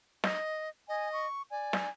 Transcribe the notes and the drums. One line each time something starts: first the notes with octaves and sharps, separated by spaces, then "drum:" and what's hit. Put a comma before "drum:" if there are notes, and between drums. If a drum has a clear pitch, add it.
D#5, drum: snare
D#5 G#5
C#6
D5 G#5
drum: snare